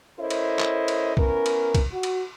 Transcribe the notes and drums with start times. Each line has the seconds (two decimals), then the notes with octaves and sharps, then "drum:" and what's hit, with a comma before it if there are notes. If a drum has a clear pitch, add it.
0.19 C#4 E4 A4 A#4 C5 D#5
0.30 drum: cymbal
0.59 drum: clap
0.88 drum: cymbal
1.17 B3 C#4 E4 A#4, drum: kick
1.46 drum: cymbal
1.75 drum: kick, cymbal
1.92 F#4
2.03 drum: cymbal